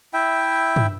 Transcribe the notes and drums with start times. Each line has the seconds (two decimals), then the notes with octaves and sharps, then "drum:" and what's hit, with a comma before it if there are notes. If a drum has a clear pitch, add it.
0.13 E4 E5 G5
0.76 drum: tom G2